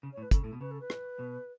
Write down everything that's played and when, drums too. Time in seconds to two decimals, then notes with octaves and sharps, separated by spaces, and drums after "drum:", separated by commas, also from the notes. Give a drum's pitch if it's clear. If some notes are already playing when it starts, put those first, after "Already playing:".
0.03 C#3
0.12 C#5
0.17 A2
0.22 B4
0.31 C#3 A4, drum: kick, hi-hat
0.41 A2 A4
0.53 B2
0.60 C#3 B4
0.71 A4
0.80 B4
0.90 drum: rim click
1.19 B2